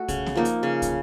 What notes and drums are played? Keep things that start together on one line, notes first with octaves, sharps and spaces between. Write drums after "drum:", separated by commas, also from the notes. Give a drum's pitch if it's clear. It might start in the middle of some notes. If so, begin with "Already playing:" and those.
Already playing: A3 F#4
C#3, drum: kick, hi-hat
drum: snare B3
F3 A#3 D#4
drum: hi-hat
C#3
drum: kick, hi-hat